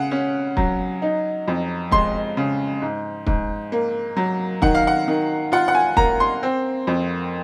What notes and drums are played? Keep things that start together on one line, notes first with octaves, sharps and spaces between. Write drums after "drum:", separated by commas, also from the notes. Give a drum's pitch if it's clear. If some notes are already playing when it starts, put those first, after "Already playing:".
Already playing: C#3 F#5
C#4
F#3, drum: kick
D#4
F2
G#3 C6, drum: kick
C#3
G#2
G#2, drum: kick
A#3
F#3
D#3 F#5, drum: kick
F5
F#5
D#3
F4 F#5
F#5
G#5
A#3 A#5, drum: kick
C6
C4
F2